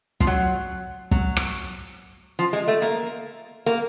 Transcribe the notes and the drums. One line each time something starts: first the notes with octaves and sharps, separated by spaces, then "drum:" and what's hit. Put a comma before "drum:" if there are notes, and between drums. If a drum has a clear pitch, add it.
F3, drum: kick
F#3
F#3, drum: kick
drum: rim click
F3
G#3
A3
A#3
A#3